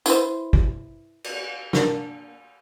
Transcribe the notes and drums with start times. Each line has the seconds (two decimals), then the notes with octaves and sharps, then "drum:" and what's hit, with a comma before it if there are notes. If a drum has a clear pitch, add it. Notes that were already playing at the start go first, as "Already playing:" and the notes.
0.06 E4 B4 C5, drum: tambourine
0.53 drum: kick
1.24 drum: cymbal
1.73 A#3 D4, drum: snare